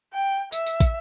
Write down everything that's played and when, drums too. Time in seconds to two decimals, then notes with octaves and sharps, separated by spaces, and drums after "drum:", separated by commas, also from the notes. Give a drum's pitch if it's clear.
0.13 G5
0.52 E5, drum: tambourine
0.66 drum: tambourine
0.80 drum: kick, tambourine